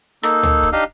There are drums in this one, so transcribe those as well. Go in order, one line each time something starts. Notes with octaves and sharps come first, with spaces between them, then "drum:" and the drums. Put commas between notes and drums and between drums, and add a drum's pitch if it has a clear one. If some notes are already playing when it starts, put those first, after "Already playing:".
A#3 D#4 A4, drum: rim click
drum: tom
drum: kick D1, hi-hat
D4 D#4 G4 D#5 F5